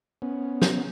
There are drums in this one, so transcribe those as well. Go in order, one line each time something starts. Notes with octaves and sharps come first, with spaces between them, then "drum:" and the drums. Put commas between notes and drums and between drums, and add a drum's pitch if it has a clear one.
B3 C#4
drum: snare